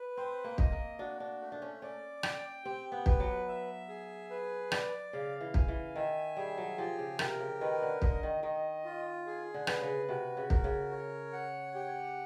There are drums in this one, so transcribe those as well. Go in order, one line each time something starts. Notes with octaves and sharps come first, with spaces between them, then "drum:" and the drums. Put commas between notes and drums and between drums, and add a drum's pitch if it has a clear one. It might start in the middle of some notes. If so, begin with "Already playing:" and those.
Already playing: B4
C4 C5
A#3
D#5, drum: kick
A#3
D4 F#4
D4
A3
D4
C#4
C#4 D5
G5, drum: rim click
C4 G4
B3
B4, drum: kick
F#3
E5
G#4
B4
D5, drum: rim click
C#3 F5
E3
G#5, drum: kick
E3
D#3 E5
G3 G#4
F#3
F3 G4
C#3
C3 A#4, drum: rim click
C#3
D#3 B4
D3
D3 D#5, drum: kick
D#3
D#3 D#5
F4
G#4
D3
B4, drum: rim click
C#3
C3 F#4
C#3
A#4, drum: kick
C#3
C#5
F#5
G4